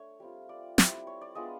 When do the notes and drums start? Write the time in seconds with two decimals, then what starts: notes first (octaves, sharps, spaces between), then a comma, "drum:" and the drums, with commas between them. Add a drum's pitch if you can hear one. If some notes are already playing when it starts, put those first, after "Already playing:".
Already playing: A3 D4 C#5
0.20 G3 C4 F4
0.49 D5
0.78 G3 C4 E4, drum: snare
1.07 C#5
1.21 D5
1.35 G#3 B3 D4 F4 D#5